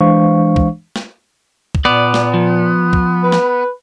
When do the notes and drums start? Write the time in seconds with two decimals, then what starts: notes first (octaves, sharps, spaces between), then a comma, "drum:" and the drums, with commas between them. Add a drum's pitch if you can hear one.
0.01 E3 G#3 D4 C5 F5 C#6
0.56 drum: kick
0.96 drum: snare
1.75 drum: kick
1.85 A#2 B3 D5
2.14 drum: snare
2.34 F3
2.93 drum: kick
3.23 B4
3.32 drum: snare